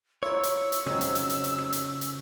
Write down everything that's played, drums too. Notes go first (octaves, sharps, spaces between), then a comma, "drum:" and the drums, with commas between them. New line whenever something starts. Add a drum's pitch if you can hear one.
E4 F4 A#4 C#5 E6
drum: hi-hat
drum: hi-hat
F2 G#2 C#3 F#3, drum: rim click
drum: hi-hat
drum: hi-hat
drum: hi-hat
drum: hi-hat
drum: rim click
drum: hi-hat
drum: hi-hat